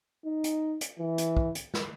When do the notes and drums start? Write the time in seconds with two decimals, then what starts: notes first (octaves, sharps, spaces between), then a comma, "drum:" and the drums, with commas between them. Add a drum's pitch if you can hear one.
0.25 D#4
0.44 drum: hi-hat
0.81 drum: hi-hat
0.99 E3
1.18 drum: hi-hat
1.37 drum: kick
1.55 drum: hi-hat
1.74 drum: snare